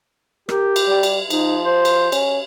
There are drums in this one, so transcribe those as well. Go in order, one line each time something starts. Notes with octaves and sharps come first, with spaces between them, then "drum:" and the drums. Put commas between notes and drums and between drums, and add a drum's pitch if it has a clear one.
G4 A#4, drum: rim click
drum: cymbal
G3
drum: cymbal
F3 D#4, drum: cymbal
C5
drum: cymbal
C#4, drum: cymbal